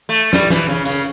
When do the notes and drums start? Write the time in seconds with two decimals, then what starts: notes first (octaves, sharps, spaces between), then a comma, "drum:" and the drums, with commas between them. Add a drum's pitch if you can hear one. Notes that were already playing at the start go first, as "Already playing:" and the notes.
0.09 A3
0.33 G3, drum: snare
0.50 E3, drum: snare
0.68 C#3
0.85 C#3, drum: hi-hat